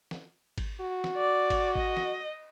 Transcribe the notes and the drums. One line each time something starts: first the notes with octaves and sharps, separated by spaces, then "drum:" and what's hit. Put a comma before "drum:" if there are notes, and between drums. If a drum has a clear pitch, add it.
drum: snare
drum: kick G#1, cymbal
F#4
drum: snare
D5
drum: kick G#1, cymbal
D#5, drum: kick G#1
drum: snare